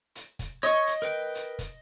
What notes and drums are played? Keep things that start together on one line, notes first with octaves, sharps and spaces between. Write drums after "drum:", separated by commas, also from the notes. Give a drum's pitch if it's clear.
drum: hi-hat
drum: kick, hi-hat
C#5 D#5 C#6, drum: hi-hat
drum: hi-hat
A#4 B4 G5
drum: hi-hat
drum: kick, hi-hat